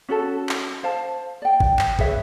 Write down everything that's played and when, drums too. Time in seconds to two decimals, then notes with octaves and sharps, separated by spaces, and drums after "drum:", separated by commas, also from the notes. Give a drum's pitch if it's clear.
0.09 C#4 F#4 A4 A5
0.49 drum: clap
0.83 C5 F5 A5
1.42 D5 G5
1.60 drum: kick
1.79 drum: clap
1.99 G#4 B4 C#5 E5, drum: kick